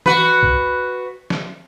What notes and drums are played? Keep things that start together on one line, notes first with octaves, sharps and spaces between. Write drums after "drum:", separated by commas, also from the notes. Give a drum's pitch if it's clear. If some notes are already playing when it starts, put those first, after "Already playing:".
F#4 B4, drum: tom E3
drum: kick C2
drum: snare